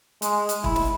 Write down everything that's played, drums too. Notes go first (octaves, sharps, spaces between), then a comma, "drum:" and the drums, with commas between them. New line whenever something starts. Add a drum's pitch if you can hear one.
G#3, drum: hi-hat
drum: hi-hat
E4, drum: kick
drum: snare